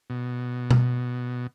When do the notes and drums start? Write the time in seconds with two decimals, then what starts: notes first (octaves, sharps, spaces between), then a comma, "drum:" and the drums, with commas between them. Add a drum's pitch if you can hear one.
0.10 B2
0.71 drum: tom